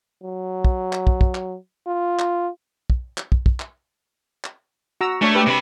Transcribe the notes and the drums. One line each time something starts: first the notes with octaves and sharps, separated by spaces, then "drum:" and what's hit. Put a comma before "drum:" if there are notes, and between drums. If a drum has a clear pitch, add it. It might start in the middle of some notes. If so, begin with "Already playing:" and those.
F#3
drum: kick
drum: clap
drum: kick
drum: kick
drum: clap
F4
drum: clap
drum: kick
drum: clap
drum: kick
drum: kick
drum: clap
drum: clap
F#4 A#5 E6
A3 D4 C#5
G4 B4
C3 B5